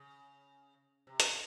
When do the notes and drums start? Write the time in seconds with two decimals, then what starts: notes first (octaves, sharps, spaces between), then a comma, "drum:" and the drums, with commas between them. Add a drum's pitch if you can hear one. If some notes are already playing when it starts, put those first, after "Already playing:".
Already playing: C#3
1.07 C3
1.20 drum: hi-hat